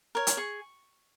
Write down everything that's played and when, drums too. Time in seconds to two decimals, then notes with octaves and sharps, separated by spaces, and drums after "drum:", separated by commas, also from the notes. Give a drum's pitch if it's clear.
0.15 A#4 C#5
0.27 drum: hi-hat
0.37 G#4 C#6